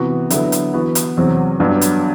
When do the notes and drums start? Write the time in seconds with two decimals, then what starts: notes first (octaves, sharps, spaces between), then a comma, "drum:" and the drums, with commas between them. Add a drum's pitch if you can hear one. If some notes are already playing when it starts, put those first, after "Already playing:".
Already playing: C3 E3 B3 F#4
0.30 D3 F#3 B3 E4, drum: hi-hat
0.52 drum: hi-hat
0.74 E3 B3 F#4
0.95 drum: hi-hat
1.17 E2 C3 F#3 C4
1.60 G2 F#3 B3 D4
1.81 drum: hi-hat